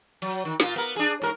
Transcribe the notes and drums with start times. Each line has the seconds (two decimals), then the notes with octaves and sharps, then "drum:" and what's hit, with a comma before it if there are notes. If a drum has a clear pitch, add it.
0.22 F#3, drum: hi-hat
0.45 D#3
0.60 A#2 F4, drum: snare
0.76 B3 A#4, drum: hi-hat
0.96 D4 G#4, drum: hi-hat
1.22 G#2 A#4